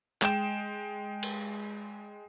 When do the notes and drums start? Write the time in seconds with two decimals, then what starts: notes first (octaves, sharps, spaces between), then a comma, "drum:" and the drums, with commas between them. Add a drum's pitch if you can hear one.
0.22 G#3 G5 E7, drum: clap
1.23 drum: cymbal